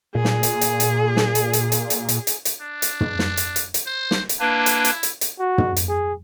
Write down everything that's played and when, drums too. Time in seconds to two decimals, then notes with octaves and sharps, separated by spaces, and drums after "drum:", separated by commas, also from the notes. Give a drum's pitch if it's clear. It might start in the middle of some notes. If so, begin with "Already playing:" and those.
0.15 A#2 G#4
0.25 drum: snare
0.43 drum: hi-hat
0.61 drum: hi-hat
0.80 drum: hi-hat
1.17 drum: snare
1.35 drum: hi-hat
1.53 drum: hi-hat
1.72 drum: hi-hat
1.90 drum: hi-hat
2.09 drum: hi-hat
2.27 drum: hi-hat
2.45 drum: hi-hat
2.62 D4
2.82 drum: hi-hat
3.01 drum: tom
3.19 drum: snare
3.37 drum: hi-hat
3.56 drum: hi-hat
3.74 drum: hi-hat
3.86 C5
4.11 drum: snare
4.29 drum: hi-hat
4.40 A#3 D4 E4 B4
4.66 drum: hi-hat
4.85 drum: hi-hat
5.03 drum: hi-hat
5.21 drum: hi-hat
5.40 F#4
5.58 drum: tom
5.76 drum: hi-hat
5.89 G#4